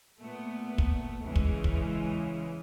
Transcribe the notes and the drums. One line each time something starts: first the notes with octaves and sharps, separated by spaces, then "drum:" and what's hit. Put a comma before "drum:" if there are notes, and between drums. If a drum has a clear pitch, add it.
A#2 A3 B3
drum: kick
C#3 E3 G#3
drum: kick
drum: kick